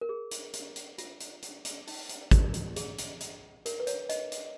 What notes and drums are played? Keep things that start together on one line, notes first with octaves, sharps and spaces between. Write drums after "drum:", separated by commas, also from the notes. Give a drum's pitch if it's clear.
A#4
G#4
drum: hi-hat
drum: hi-hat
drum: hi-hat
F4, drum: hi-hat
drum: hi-hat
drum: hi-hat
drum: hi-hat
D#4, drum: open hi-hat
drum: hi-hat
drum: kick G#1, hi-hat
drum: hi-hat
G#4, drum: hi-hat
drum: hi-hat
drum: hi-hat
A#4, drum: hi-hat
B4
C#5, drum: hi-hat
D#5, drum: hi-hat
drum: hi-hat